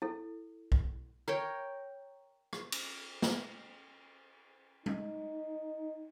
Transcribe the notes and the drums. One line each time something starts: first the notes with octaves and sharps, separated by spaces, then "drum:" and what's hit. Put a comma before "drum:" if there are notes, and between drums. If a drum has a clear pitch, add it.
E4 A4
drum: kick B1
A#4 C#5 G5
drum: rim click
drum: cymbal
drum: snare
D#4, drum: tom G3